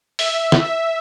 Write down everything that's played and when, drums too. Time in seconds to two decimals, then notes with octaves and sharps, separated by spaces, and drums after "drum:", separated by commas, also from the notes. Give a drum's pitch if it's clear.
0.19 E5, drum: open hi-hat
0.52 drum: snare
0.64 E5